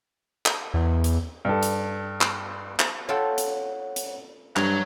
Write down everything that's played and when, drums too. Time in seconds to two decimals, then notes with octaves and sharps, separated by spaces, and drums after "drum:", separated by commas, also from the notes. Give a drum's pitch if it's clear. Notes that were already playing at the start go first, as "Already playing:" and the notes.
0.46 drum: clap
0.74 E2
1.04 drum: hi-hat
1.45 G2 A4
1.63 drum: hi-hat
2.21 drum: clap
2.79 drum: clap
3.09 F4 A4 C#5 F#5 G5
3.38 drum: hi-hat
3.96 drum: hi-hat
4.56 G2 C#5 A#5, drum: clap